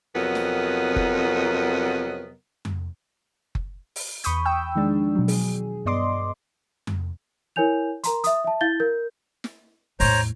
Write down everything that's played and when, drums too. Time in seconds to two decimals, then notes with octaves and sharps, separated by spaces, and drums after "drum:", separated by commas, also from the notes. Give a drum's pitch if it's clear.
0.15 F2 C3 F#3 B3 A#4 D#5
0.35 drum: snare
0.96 drum: kick F#1
2.65 drum: tom F2
3.55 drum: kick F#1
3.96 drum: open hi-hat
4.24 E2 B5 C#6 D#6 G6, drum: hi-hat
4.45 G5 E6
4.75 D#3 F3 G#3 D4
5.15 B2 D#3 F#3
5.28 G#4, drum: open hi-hat
5.85 G2 B3 D5 D#5 C6 D6
6.87 drum: tom F2
7.56 E4 A#4 C#5 G#5 G6 F7
8.04 A#4 A#5 C6, drum: hi-hat
8.24 E5 D#6, drum: hi-hat
8.44 E5 A5
8.61 E4 F5 G6 A6 G7
8.80 A#4 G6
9.44 drum: snare
10.00 E2 A2 C5 C#5 A#5, drum: open hi-hat